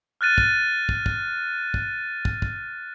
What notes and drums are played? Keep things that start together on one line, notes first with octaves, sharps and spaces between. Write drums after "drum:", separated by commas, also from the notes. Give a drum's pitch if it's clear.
F6 F#6 A6 D#7
drum: kick
drum: kick
drum: kick
drum: kick
drum: kick
drum: kick